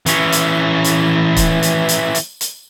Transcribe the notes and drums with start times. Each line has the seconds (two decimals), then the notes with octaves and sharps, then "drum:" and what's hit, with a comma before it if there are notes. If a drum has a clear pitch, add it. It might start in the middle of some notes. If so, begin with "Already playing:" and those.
0.06 E3 C#4, drum: hi-hat
0.32 drum: hi-hat
0.84 drum: hi-hat
1.36 drum: kick, hi-hat
1.63 drum: hi-hat
1.89 drum: hi-hat
2.15 drum: hi-hat
2.41 drum: hi-hat